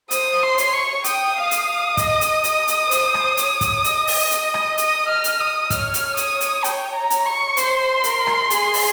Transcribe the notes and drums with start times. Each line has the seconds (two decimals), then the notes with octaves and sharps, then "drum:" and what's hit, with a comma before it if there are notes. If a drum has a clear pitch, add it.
0.11 C5 D#6, drum: hi-hat
0.43 C6
0.58 C#5, drum: hi-hat
0.73 C#6
1.04 G5 D#6, drum: hi-hat
1.35 F5
1.51 drum: hi-hat
1.67 F5
1.97 D#5, drum: kick, hi-hat
2.21 drum: hi-hat
2.44 D#5, drum: hi-hat
2.68 drum: hi-hat
2.91 C5, drum: hi-hat
3.14 drum: rim click
3.37 C#5, drum: hi-hat
3.61 drum: kick, hi-hat
3.84 D#5, drum: hi-hat
4.07 drum: open hi-hat
4.31 drum: hi-hat
4.54 drum: rim click
4.78 D#6, drum: hi-hat
5.09 F6
5.24 drum: hi-hat
5.40 D#6
5.70 C#5 F6, drum: kick, hi-hat
5.94 drum: hi-hat
6.17 D#6, drum: hi-hat
6.40 drum: hi-hat
6.64 G5, drum: hi-hat
6.95 A#5
7.10 drum: hi-hat
7.26 C#6
7.57 C5 C6, drum: hi-hat
8.04 A#4, drum: hi-hat
8.27 drum: rim click
8.50 G#4, drum: hi-hat
8.73 drum: open hi-hat